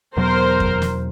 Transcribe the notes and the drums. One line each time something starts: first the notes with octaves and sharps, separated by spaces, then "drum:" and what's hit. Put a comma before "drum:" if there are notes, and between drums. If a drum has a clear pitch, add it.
E2 B2 F#3 B3 A#4 C5
drum: kick F2
drum: snare